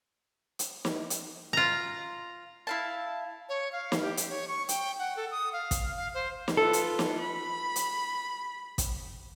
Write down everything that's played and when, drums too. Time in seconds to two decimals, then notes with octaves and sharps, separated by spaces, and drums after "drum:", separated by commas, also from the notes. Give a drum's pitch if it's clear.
0.59 drum: hi-hat
0.85 drum: snare
1.10 drum: hi-hat
1.53 F4 A#5
2.67 E4 F5 A5
3.49 C#5
3.73 F5
3.92 drum: snare
4.02 G4
4.17 drum: hi-hat
4.29 C#5
4.48 C#6
4.69 G5, drum: hi-hat
4.99 F#5
5.17 A4
5.31 D#6
5.53 F5
5.71 drum: kick, hi-hat
5.96 F5
6.14 C5
6.48 drum: snare
6.57 F4 A4 B4
6.73 drum: hi-hat
6.99 drum: snare
7.18 B5
7.76 drum: hi-hat
8.78 drum: kick, hi-hat